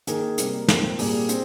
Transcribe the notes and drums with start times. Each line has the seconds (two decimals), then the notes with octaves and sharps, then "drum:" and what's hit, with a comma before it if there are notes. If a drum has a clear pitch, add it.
0.07 D#3 A#3 G#4, drum: hi-hat
0.22 G#4
0.38 C3 G3 A#3 A#4, drum: hi-hat
0.68 A#2 F3 C4, drum: snare
0.99 A#2 G3 A#3 G#4, drum: open hi-hat
1.29 C4, drum: hi-hat